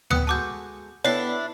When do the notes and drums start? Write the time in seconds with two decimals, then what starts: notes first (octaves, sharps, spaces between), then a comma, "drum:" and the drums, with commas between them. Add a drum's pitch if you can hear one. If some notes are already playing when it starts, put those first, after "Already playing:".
0.10 B3 G5 D#6 F#6 C#7, drum: tom D2
0.27 G#3 F#4 A4 A5 D6 G6
1.05 B3 D4 E4 G4 A4 C#5 C7